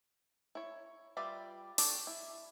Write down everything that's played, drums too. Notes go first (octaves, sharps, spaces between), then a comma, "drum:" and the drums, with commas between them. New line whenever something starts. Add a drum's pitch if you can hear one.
E4 C#5
G3 F4 B4 D5 E5
D4 F#4 G4 A4, drum: open hi-hat
E4